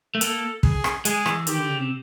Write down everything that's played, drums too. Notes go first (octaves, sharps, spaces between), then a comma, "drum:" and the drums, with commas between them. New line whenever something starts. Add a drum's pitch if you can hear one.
A3
A#3 A4, drum: hi-hat
G#4, drum: kick
drum: rim click
G#3 G#4, drum: hi-hat
E3, drum: rim click
D#3 G4, drum: hi-hat
D3
C#3
C3